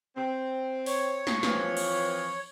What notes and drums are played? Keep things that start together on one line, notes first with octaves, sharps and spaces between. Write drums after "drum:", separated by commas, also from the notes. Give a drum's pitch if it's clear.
C4
C#5, drum: open hi-hat
drum: snare
E3 F3 C4, drum: snare
drum: cymbal